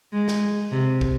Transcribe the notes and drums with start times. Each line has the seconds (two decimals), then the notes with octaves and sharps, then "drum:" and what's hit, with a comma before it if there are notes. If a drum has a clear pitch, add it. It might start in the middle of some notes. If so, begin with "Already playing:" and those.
0.13 G#3
0.28 drum: snare
0.72 C3
1.01 drum: kick